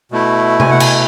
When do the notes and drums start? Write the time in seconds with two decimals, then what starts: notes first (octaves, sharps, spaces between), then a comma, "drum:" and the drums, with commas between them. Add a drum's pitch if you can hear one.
0.12 B2 A3 E4
0.60 G#5, drum: tom C3
0.71 F#5
0.80 G#5, drum: cymbal